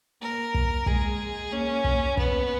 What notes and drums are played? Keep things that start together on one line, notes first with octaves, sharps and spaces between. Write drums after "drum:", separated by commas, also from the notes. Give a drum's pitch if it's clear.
A#3 A#4
A#3, drum: kick
G#3 G#4, drum: kick
A#3 C#4
drum: kick
B3, drum: kick